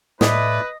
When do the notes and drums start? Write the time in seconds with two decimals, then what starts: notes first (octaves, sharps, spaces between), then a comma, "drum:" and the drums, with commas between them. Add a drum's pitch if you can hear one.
0.21 A2 A3 E4 B4 D5 D#5, drum: snare